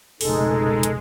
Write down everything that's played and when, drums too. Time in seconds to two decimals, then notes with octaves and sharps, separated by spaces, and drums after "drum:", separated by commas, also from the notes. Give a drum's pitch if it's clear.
0.21 F1 C#2 B2 G#3 D#4 A4, drum: open hi-hat
0.83 drum: hi-hat